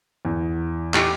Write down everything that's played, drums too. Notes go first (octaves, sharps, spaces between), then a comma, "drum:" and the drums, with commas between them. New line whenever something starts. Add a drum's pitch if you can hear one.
E2
D#4 G4, drum: clap